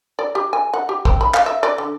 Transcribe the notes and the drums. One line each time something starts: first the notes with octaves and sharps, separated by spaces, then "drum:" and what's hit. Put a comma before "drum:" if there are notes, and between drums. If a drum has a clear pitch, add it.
D5
G4
G#5
F#5
G4
C4, drum: kick
B5
F5, drum: clap
E5
D5
D3